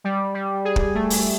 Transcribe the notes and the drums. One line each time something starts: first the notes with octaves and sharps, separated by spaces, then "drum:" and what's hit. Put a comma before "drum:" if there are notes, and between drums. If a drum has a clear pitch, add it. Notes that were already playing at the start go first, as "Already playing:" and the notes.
G3
G3
G#4
drum: kick
A3
drum: open hi-hat